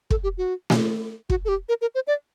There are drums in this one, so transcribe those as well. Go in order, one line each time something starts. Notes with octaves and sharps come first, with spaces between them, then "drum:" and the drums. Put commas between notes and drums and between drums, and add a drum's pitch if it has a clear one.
A4, drum: kick
G4
F#4
drum: snare A3
F#4, drum: kick
A4
G4
A#4
A#4
C5
D5